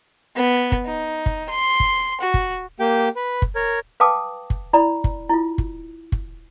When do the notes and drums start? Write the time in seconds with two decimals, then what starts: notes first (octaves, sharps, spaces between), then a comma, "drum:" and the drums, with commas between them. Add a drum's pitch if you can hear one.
0.36 B3
0.72 drum: kick
0.85 D#4
1.26 drum: kick
1.49 C6
1.80 drum: kick
2.21 F#4
2.34 drum: kick
2.80 A#3 G4 G5
3.16 B4
3.42 drum: kick
3.56 A#4 C#5
4.00 B4 F5 G5 A5 D6 D#6
4.50 drum: kick
4.73 E4 D5 A#5 B5
5.04 drum: kick
5.30 E4 F4
5.58 drum: kick
6.12 drum: kick